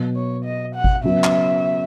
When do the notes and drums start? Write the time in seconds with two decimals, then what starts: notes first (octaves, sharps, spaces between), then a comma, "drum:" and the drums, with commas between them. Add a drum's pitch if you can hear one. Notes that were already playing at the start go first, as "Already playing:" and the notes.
Already playing: B2 F#3 B3
0.16 C#5
0.45 D#5
0.75 F#5
0.84 drum: kick G#1
1.04 C#3 F#3 B3 E5
1.24 drum: clap